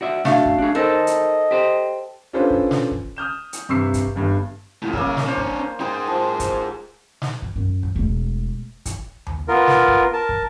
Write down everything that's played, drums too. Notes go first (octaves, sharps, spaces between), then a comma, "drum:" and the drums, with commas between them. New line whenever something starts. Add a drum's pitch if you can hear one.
F#4 D5 E5
A3 D4 F#4 F5, drum: snare
drum: kick
D4 G#4
D#4 A4 A#4 C5 D#5
drum: hi-hat
G4 C5
C#4 D4 F4 A4 B4 C5
drum: kick
drum: snare
drum: kick
D#6 F6 G6 E7
drum: hi-hat
G2 C3 C#6 E6 C7
drum: kick, hi-hat
G1 G2
A2 F3
C#3 A#3 A#4 E5, drum: kick
drum: snare
D4 C5 C#5
drum: kick
G#4 C5 G5
F3
drum: kick, hi-hat
drum: snare
drum: kick
F#2
drum: kick
E1 A3
drum: kick, hi-hat
drum: tom D#2
B3 F4 A#4
drum: snare
drum: kick
A#4 A5
drum: kick